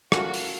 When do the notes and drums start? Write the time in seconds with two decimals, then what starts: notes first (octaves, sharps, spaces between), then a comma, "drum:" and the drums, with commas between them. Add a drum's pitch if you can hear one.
0.12 A3 C#4 F4 F#4 A#4, drum: rim click
0.34 drum: open hi-hat